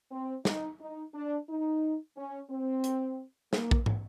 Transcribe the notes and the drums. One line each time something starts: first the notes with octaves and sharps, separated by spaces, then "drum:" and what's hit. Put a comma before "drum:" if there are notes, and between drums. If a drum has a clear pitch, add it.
C4
D#4, drum: snare
D#4
D4
D#4
C#4
C4
drum: hi-hat
A#3, drum: snare
drum: kick A#1
drum: tom